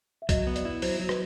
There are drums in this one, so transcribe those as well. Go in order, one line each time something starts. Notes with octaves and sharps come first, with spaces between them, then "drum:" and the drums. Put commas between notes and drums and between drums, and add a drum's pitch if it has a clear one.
E5
F#3 D#5, drum: kick, hi-hat
B3
D5, drum: hi-hat
E4
F#3 C5, drum: open hi-hat
F#3
B4, drum: rim click